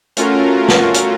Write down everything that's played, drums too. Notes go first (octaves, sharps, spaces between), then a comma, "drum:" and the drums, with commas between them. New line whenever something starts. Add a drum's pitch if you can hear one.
A3 C#4 F4 F#4 A#4, drum: hi-hat
drum: snare
drum: hi-hat